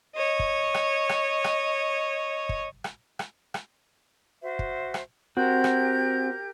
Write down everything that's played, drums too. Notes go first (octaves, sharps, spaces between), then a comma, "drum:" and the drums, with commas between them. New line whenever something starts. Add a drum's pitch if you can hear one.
C#5 D#5
drum: kick
drum: rim click
drum: rim click
drum: rim click
drum: kick
drum: rim click
drum: rim click
drum: rim click
F#4 C5 E5
drum: kick
drum: rim click
C4 F#4 G4 A#4 G6
drum: rim click